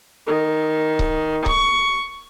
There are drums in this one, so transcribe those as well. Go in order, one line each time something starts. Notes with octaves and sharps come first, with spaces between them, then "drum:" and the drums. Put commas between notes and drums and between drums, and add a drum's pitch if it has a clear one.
D#3
drum: kick C#1
C#6, drum: kick C#1